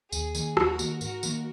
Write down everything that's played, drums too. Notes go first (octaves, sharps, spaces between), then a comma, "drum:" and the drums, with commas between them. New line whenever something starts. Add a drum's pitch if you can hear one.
D#2 G#4, drum: tambourine
D#3 A#3, drum: tambourine
D#2 F#4 A#4, drum: rim click
D#3 A#3, drum: tambourine
G#2 F#4 A#4, drum: tambourine
D#3 A#3, drum: tambourine